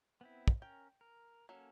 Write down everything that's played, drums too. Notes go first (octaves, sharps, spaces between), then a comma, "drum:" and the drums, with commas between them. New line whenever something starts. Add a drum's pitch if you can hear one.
B3 C4 E4
drum: kick
C#4 A#4 G5
A#4
F#3 A#3 C#4 A4